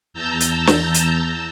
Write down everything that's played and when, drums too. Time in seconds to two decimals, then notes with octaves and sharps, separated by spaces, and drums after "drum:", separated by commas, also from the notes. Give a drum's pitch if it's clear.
0.13 E2 A5 A#5 E6 G6
0.40 drum: hi-hat
0.67 drum: snare
0.94 drum: hi-hat